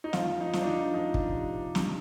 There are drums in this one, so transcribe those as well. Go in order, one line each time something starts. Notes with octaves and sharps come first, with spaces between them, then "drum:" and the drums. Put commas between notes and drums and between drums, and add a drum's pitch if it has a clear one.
D#4
F2 F4, drum: snare
D#4
F2, drum: snare
D4
D#4
F2 D#4
drum: kick
C3
G2, drum: snare